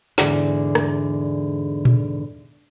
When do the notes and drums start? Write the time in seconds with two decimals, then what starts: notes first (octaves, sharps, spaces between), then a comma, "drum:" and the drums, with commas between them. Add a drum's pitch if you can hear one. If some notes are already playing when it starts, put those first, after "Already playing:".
0.18 E2 G#2 D3 G#4 D5, drum: snare
0.75 drum: rim click
1.85 drum: tom A#2